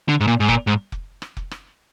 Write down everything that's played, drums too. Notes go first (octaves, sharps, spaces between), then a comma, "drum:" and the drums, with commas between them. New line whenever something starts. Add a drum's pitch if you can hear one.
D3
G#2
A#2
G#2
A#2, drum: kick F1
G#2
drum: kick F1
drum: rim click
drum: kick F1
drum: rim click